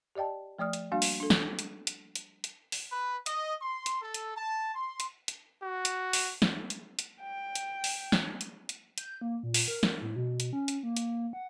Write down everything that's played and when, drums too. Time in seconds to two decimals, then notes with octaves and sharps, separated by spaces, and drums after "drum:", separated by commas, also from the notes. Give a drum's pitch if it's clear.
0.15 G4 D5 D#5 G5 A5
0.59 F3 A3 D5 D#6 F6
0.73 drum: hi-hat
0.92 G3 A#3 D4 F#4 F5
1.02 drum: open hi-hat
1.20 D4 A4
1.30 drum: snare
1.59 drum: hi-hat
1.87 drum: hi-hat
2.15 drum: hi-hat
2.44 drum: hi-hat
2.72 drum: open hi-hat
2.92 B4
3.26 D#5, drum: hi-hat
3.62 C6
3.86 drum: hi-hat
4.01 A4
4.14 drum: hi-hat
4.37 A5
4.75 C6
5.00 drum: hi-hat
5.28 drum: hi-hat
5.62 F#4
5.85 drum: hi-hat
6.13 drum: open hi-hat
6.42 drum: snare
6.70 drum: hi-hat
6.99 drum: hi-hat
7.23 G5
7.55 drum: hi-hat
7.84 drum: open hi-hat
8.12 drum: snare
8.41 drum: hi-hat
8.69 drum: hi-hat
8.98 G6, drum: hi-hat
9.21 A#3
9.43 A#2
9.54 drum: open hi-hat
9.68 A#4
9.83 drum: snare
10.02 A2
10.16 B2
10.40 drum: hi-hat
10.53 C#4
10.68 drum: hi-hat
10.83 A#3
10.97 drum: hi-hat
11.33 F#5